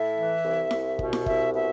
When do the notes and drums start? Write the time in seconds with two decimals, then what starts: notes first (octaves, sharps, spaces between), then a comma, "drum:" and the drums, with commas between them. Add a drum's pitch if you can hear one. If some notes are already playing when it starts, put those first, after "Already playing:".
Already playing: A2 E5
0.15 E3
0.43 C2
0.71 C2, drum: snare E4
0.99 B2, drum: kick
1.13 drum: snare E4
1.26 C2 E5, drum: kick
1.54 B2 E5